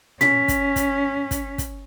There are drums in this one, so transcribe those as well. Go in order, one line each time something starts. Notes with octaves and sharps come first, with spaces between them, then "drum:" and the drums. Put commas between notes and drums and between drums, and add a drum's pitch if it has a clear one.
C#4 B6, drum: tom A#2
drum: kick, hi-hat
drum: kick, hi-hat
drum: kick, hi-hat
drum: kick, hi-hat